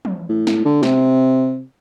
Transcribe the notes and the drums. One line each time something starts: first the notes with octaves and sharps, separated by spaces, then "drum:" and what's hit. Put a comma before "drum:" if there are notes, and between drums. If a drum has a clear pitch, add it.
drum: tom
A2
A2, drum: snare
D3
C3, drum: snare